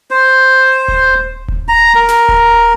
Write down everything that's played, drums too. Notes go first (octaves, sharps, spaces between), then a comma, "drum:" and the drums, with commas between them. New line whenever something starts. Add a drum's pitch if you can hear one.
C5
drum: kick D#1
drum: kick D#1
A#5
A#4
drum: snare
drum: kick D#1